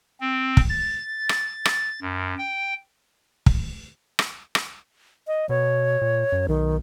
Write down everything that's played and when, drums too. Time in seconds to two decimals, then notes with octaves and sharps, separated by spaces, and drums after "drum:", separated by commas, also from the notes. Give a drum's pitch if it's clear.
0.20 C4
0.57 drum: kick
0.69 A6
1.29 drum: rim click
1.65 drum: rim click
2.02 F#2
2.38 G5
3.46 drum: kick
4.19 drum: rim click
4.55 drum: rim click
5.27 D#5
5.49 B2 C#5
6.02 A#2
6.32 F#2
6.48 B1 D#3